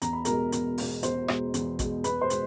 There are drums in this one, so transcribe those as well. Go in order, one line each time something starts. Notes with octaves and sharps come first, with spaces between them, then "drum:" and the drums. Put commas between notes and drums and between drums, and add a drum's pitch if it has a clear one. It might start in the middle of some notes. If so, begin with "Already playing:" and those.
E2 A#5, drum: hi-hat
B5
B2 G#3 A#4 A#5, drum: hi-hat
E2, drum: hi-hat
B2 G#3, drum: open hi-hat
E2 C5 C6, drum: hi-hat
B2 G#3, drum: rim click
E2, drum: hi-hat
B2 G#3, drum: kick, hi-hat
E2 B4 B5, drum: hi-hat
C5 C6
B2 G#3, drum: hi-hat